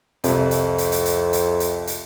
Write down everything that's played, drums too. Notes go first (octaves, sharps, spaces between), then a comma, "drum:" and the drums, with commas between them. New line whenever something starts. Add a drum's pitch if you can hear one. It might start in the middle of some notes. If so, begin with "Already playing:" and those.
C2 F2 C3, drum: hi-hat
drum: hi-hat
drum: hi-hat
drum: hi-hat
drum: hi-hat
drum: hi-hat
drum: hi-hat
drum: hi-hat